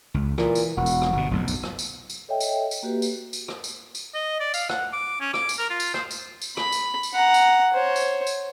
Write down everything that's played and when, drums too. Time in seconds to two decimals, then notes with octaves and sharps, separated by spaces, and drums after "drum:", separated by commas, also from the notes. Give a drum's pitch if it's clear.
0.14 C#2
0.38 A#2 E3, drum: rim click
0.55 drum: tambourine
0.77 E1 F#4
0.86 drum: tambourine
1.02 drum: rim click
1.13 G1 B2
1.31 F1 B1 G#2
1.48 drum: tambourine
1.63 drum: rim click
1.79 drum: tambourine
2.10 drum: tambourine
2.28 A4 C#5 D#5 E5 G5
2.40 drum: tambourine
2.71 drum: tambourine
2.83 A#3 F#4 G4 B4
3.02 drum: tambourine
3.33 drum: tambourine
3.48 drum: rim click
3.64 drum: tambourine
3.95 drum: tambourine
4.14 D#5
4.40 D5
4.54 F5, drum: tambourine
4.69 F#5, drum: rim click
4.93 D6
5.21 C#4
5.34 D6, drum: rim click
5.49 drum: tambourine
5.58 A#4
5.70 F4
5.80 drum: tambourine
5.94 C5, drum: rim click
6.11 drum: tambourine
6.42 drum: tambourine
6.57 B5, drum: rim click
6.72 drum: tambourine
7.03 drum: tambourine
7.13 F#5 A#5
7.34 drum: tambourine
7.74 C5 C#5
7.96 drum: tambourine
8.27 drum: tambourine